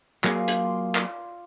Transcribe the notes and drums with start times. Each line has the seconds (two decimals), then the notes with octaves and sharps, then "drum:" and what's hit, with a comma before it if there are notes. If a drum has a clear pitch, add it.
0.24 F#3 A#3 F4 G#4 D5, drum: clap
0.48 drum: hi-hat
0.64 C6
0.95 drum: clap